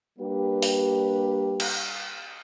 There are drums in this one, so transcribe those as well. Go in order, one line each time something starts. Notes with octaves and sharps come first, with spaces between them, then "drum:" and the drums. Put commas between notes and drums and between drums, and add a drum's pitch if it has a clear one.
G3 A#3 D4 G4 B4
drum: open hi-hat
drum: cymbal